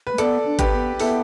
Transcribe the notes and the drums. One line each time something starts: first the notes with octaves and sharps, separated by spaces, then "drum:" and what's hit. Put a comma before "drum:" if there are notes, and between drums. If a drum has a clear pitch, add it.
B4
A3
B3 A4 D5, drum: hi-hat
D4
G4 B4, drum: kick G#1, hi-hat
B3
B3 E4 A4, drum: open hi-hat